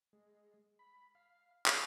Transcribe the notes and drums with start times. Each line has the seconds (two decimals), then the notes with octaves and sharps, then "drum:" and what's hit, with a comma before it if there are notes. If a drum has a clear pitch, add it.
0.13 G#3
0.79 B5
1.15 F5
1.66 B4, drum: clap